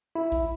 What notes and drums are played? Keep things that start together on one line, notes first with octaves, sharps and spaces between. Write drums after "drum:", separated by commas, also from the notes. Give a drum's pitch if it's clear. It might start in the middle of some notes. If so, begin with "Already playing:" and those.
E4
drum: kick A1, hi-hat